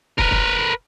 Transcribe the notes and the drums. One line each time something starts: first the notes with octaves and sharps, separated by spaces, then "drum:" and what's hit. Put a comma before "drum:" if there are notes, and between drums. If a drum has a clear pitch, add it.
A#4 B4, drum: kick
drum: kick